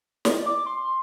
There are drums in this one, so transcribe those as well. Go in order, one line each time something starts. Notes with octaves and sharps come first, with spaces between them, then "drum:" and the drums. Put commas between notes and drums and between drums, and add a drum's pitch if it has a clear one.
D5, drum: snare
D6
C6